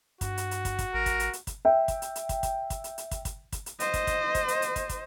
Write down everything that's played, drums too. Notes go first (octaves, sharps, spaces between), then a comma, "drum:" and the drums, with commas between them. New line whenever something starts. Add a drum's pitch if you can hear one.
G2 F#4, drum: kick, hi-hat
drum: hi-hat
drum: hi-hat
drum: kick, hi-hat
drum: kick, hi-hat
A1 A#4
drum: kick, hi-hat
drum: hi-hat
drum: hi-hat
drum: kick, hi-hat
E5 G5
drum: kick, hi-hat
drum: hi-hat
drum: hi-hat
drum: kick, hi-hat
drum: kick, hi-hat
drum: kick, hi-hat
drum: hi-hat
drum: hi-hat
drum: kick, hi-hat
drum: kick, hi-hat
drum: kick, hi-hat
drum: hi-hat
C5 D#5, drum: hi-hat
drum: kick, hi-hat
drum: kick, hi-hat
drum: kick, hi-hat
drum: hi-hat
drum: hi-hat
drum: kick, hi-hat
drum: kick, hi-hat